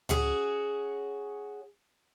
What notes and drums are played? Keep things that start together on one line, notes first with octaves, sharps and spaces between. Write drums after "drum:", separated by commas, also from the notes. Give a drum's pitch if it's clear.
C#4 F#4 G#4, drum: tom C#2